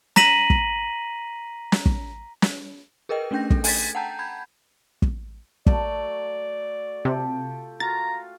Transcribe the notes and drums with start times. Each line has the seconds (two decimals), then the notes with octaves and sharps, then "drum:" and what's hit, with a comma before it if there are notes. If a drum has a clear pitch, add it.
0.16 A#5 A#6 B6 D#7 F#7, drum: snare
0.50 drum: kick
1.72 drum: snare
1.86 drum: kick
2.42 drum: snare
3.09 G#4 A#4 B4 D#5 G5
3.31 A3 C#4 D4 G5 G6 A#6
3.50 A4, drum: kick
3.64 G#5 G#6 A6 B6, drum: open hi-hat
3.95 F#5 G5 A5 A#5 G6
4.19 B5 G6 G#6
5.02 drum: kick
5.66 F#3 A3 D5, drum: kick
7.05 C3 F4 G4 A4
7.80 F4 F#4 F5 A#5 A6